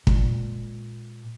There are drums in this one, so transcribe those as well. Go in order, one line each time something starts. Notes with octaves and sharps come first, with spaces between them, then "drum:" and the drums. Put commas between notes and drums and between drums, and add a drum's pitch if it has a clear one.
A#2 G#3, drum: kick